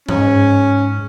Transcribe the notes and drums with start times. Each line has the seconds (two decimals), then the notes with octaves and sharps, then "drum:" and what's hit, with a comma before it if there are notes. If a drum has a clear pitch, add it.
0.09 G#2 C#4, drum: tom G2